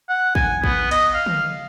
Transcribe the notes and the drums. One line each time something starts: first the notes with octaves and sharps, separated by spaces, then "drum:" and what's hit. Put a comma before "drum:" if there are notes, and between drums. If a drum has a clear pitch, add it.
F#5
G#5, drum: kick
B3, drum: kick
D#5, drum: cymbal
F5
drum: tom